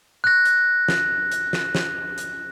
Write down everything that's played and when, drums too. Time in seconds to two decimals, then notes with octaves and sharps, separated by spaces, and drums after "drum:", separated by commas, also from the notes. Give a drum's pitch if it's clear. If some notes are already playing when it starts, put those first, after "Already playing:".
0.24 F#6 A#6
0.45 drum: hi-hat
0.88 drum: snare
1.32 drum: hi-hat
1.53 drum: snare
1.75 drum: snare
2.18 drum: hi-hat